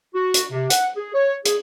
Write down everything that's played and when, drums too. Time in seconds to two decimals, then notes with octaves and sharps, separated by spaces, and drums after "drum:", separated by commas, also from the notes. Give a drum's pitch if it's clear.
0.14 F#4
0.34 drum: hi-hat
0.51 C3
0.70 F#5, drum: hi-hat
0.97 G#4
1.14 C#5
1.45 G#4, drum: hi-hat